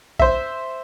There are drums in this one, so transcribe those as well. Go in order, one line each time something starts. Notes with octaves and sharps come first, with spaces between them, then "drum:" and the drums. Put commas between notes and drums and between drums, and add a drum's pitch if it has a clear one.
C5 E5, drum: kick